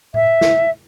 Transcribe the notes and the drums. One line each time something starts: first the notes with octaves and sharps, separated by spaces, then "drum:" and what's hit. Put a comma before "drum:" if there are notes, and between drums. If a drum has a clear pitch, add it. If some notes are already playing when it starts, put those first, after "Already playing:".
E5, drum: tom A2
drum: snare